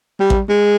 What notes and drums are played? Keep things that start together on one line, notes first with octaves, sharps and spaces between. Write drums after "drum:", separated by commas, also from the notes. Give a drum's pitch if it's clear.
G3
drum: kick A1
G#3